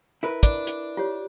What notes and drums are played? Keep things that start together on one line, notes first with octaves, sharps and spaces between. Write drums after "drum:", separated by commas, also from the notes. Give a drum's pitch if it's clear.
E4 A#4 B4
D4, drum: kick, hi-hat
drum: hi-hat
F4 G4 C#5